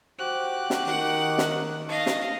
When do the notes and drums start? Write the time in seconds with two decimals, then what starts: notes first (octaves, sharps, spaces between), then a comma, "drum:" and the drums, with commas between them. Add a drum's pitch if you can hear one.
0.19 F#4 G4 C5 D6 F#6
0.70 drum: snare
0.86 D#3 F#5
1.38 drum: snare
1.89 D#5 F5 A5 C#6 A#6
2.06 drum: snare